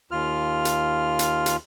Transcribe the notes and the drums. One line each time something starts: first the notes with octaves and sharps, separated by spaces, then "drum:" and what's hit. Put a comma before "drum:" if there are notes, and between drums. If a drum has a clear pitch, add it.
D#2 F4 F6
drum: hi-hat
drum: hi-hat
drum: hi-hat